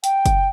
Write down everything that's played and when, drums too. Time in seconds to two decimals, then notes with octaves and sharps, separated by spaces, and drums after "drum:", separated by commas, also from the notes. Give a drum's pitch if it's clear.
0.04 G5, drum: hi-hat
0.26 drum: kick F#1, hi-hat